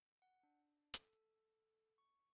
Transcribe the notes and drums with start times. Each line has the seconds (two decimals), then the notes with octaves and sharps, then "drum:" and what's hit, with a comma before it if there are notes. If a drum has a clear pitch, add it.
0.22 F#5
0.43 D4
0.94 A4, drum: hi-hat
1.98 C#6